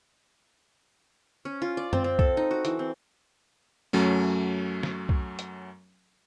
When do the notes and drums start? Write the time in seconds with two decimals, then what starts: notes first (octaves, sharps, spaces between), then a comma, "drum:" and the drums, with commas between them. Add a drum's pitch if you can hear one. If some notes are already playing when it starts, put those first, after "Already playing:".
1.45 C#4
1.62 F4
1.77 D5
1.93 C4, drum: tom F#2
2.04 C4
2.19 A4, drum: kick
2.37 D#4
2.51 F#4
2.65 E3, drum: hi-hat
2.79 C4
3.93 F#2 F#3 A3 C#4
4.83 drum: snare
5.09 drum: kick
5.39 drum: hi-hat